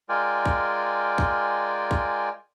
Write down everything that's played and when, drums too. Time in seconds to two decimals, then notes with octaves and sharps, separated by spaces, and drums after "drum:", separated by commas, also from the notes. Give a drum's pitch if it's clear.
0.09 G#3 F4 A#4 D5 G5 G#5
0.45 drum: kick
1.18 drum: kick
1.91 drum: kick